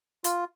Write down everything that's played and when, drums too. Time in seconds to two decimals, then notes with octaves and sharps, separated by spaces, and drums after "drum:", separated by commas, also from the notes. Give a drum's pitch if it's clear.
0.24 F4, drum: hi-hat